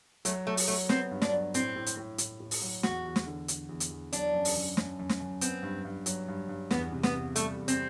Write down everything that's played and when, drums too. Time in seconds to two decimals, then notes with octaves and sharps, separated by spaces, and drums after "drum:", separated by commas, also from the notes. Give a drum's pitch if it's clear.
0.25 F#3 A3, drum: hi-hat
0.47 F#3 A3
0.57 drum: open hi-hat
0.68 F#3 A3
0.89 B3 C4, drum: snare
1.11 G2
1.22 D4, drum: snare
1.33 F#3
1.54 A2 C4, drum: hi-hat
1.76 A2
1.86 drum: hi-hat
1.97 A2
2.18 A2, drum: hi-hat
2.40 A2
2.51 drum: open hi-hat
2.62 F#3
2.83 E2 F#4, drum: snare
3.05 E2
3.16 drum: snare
3.26 D3
3.48 D3, drum: hi-hat
3.69 E2
3.80 drum: hi-hat
3.90 E2
4.13 F#3 D4, drum: hi-hat
4.34 F#2
4.45 drum: open hi-hat
4.56 F#2
4.77 F#2, drum: snare
4.99 F#2
5.09 drum: snare
5.20 F#2
5.41 B3 C4, drum: hi-hat
5.63 G2
5.85 G2
6.06 F#3, drum: hi-hat
6.28 G2
6.49 G2
6.71 E2 B3, drum: snare
6.92 C3
7.03 B3, drum: snare
7.14 C3
7.36 G3 A3, drum: hi-hat
7.57 E2
7.68 C4, drum: hi-hat